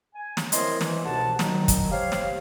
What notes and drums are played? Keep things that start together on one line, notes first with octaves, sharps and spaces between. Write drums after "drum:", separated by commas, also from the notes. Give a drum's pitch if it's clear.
G#5
drum: snare
C4 E4 A#4 C#5 D#5 C6, drum: hi-hat
E3, drum: snare
C2 G#2 B2 F#5 A5
D#3 F#3, drum: snare
drum: kick, hi-hat
G4 C5 C#5 F5
drum: snare